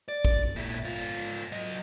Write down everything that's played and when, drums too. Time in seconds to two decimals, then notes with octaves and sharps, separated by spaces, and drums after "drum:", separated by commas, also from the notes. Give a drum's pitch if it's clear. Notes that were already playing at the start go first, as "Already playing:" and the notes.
0.08 D5
0.25 drum: kick
0.56 A#2 E4
0.84 G#2 F4
1.52 F#3 D#5